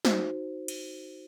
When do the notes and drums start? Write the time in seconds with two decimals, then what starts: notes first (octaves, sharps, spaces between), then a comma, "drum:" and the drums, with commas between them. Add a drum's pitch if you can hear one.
0.05 D#4 F#4 C5, drum: snare
0.68 drum: cymbal